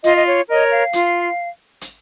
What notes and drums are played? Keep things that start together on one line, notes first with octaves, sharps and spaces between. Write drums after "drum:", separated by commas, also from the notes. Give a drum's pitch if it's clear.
F4 D#5, drum: hi-hat
D#5
C#5
A#4 C#5 D#5
F5
F4, drum: hi-hat
drum: hi-hat